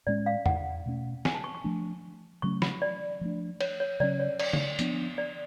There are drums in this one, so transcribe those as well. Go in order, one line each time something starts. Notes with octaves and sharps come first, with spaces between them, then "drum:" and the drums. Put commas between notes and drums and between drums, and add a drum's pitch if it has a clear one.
A2 G#3 C#4 D5
F5
F#5, drum: tom E2
B2 A3 C#4
G#5, drum: snare
A5
C#6
C#6
F3 A3 D4
C#3 F#3 A3 C#4 C#6
B5, drum: snare
D5
F3 A3 D4
C#5, drum: cymbal
C#5
C#3 F#3 C#4 D5
C#5
D5, drum: cymbal
drum: tom C#3
F3 B3 D4, drum: hi-hat
D5